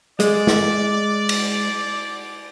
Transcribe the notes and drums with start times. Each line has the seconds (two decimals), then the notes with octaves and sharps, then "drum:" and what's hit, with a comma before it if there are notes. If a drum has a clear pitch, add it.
0.20 G#3 D5, drum: hi-hat
0.47 drum: snare
1.29 drum: cymbal